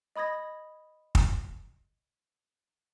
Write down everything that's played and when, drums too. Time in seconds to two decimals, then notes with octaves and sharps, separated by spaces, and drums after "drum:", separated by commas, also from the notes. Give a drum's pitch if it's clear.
0.16 D#5 B5 D#6 G#6 A#6
1.15 drum: kick